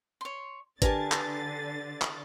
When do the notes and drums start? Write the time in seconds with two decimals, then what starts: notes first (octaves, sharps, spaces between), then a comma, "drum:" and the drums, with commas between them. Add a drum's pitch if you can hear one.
0.21 C#5 C6
0.82 D3 D4 G4 A#4 B4 G#5 A5 A6, drum: kick G#1, hi-hat
1.12 drum: clap
2.02 drum: clap